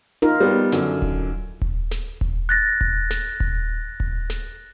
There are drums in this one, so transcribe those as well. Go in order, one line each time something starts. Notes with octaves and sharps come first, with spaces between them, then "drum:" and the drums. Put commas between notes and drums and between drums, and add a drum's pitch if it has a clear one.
D#4 F4 A#4
G3 B3
F#2 D3, drum: snare
drum: kick D#1
drum: kick D#1
drum: snare
drum: kick D#1
F#6 A6 A#6
drum: kick D#1
drum: snare
drum: kick D#1
drum: kick D#1
drum: snare